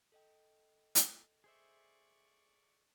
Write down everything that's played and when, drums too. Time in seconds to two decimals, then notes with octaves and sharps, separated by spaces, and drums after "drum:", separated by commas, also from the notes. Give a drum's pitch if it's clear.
0.12 A4 D#5 G5
0.95 drum: hi-hat
1.44 G#4 C5 D5 E5 C#6